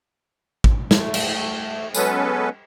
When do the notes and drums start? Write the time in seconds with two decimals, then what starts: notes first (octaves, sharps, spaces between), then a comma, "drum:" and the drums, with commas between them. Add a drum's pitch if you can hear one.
0.64 drum: kick G#1
0.91 A3, drum: snare
1.14 drum: cymbal
1.94 F#3 G#3 B3 C#4 A4 B4, drum: tambourine